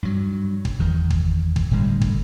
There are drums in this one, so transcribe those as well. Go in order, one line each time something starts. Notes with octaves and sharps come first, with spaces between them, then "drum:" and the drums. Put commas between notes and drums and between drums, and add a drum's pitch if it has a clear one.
G2 F#3
drum: kick
E2 D#3
drum: kick
drum: kick
A2 D3 G3 G#3
drum: kick